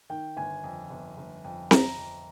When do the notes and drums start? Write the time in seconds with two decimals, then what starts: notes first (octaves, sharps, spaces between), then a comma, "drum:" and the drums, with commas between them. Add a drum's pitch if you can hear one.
0.09 D#3 G5
0.37 G1 G#5
0.64 F2
0.90 G1
1.17 G1
1.44 F2
1.71 F2 A#5, drum: snare C4
1.98 F2